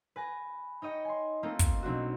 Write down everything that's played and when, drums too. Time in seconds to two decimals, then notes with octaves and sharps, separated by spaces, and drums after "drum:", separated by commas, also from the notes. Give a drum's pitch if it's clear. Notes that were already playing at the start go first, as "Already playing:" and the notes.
0.16 B4 G#5 A#6
0.82 D#4 C#5 D#5 G5
1.05 G#5 C6
1.43 A3 A#3 C4 D#4 F4
1.59 drum: kick, hi-hat
1.83 B1 C4 D4 F#4